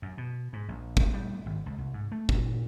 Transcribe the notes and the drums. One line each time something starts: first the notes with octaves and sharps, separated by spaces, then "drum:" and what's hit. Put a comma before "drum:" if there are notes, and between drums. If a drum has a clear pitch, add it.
F#2
B2
G#2
A#1
drum: kick
G3
G#1
C#2
C2
G#2
A3
A#2, drum: kick